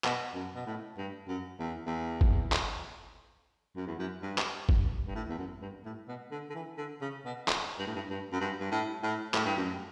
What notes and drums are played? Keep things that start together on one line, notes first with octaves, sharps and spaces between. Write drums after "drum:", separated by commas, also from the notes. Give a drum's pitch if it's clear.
B2, drum: clap
F#2
B2
A2
G2
F#2
E2
E2
drum: kick
drum: clap
F#2
E2
F#2
G2
drum: clap
G2, drum: kick
G2
A2
E2
F#2
G2
A2
B2
D3
D3
E3
D3
C#3
B2
drum: clap
G2
A2
G2
G2
F#2
G2
G2
A2
A2
A2, drum: clap
G2
F#2